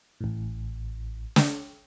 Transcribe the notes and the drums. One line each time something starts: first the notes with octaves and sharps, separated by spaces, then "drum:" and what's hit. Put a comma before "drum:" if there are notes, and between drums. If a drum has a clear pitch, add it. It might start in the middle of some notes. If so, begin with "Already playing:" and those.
A1 A2
drum: snare